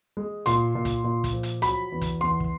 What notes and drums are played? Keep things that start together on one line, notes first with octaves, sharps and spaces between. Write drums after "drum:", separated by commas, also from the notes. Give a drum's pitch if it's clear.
G#3
A#2 C6, drum: hi-hat
A#2
drum: kick, hi-hat
A#2
drum: kick, hi-hat
F3
drum: hi-hat
F#3 B5, drum: hi-hat
E2
drum: kick, hi-hat
E2 C6
drum: kick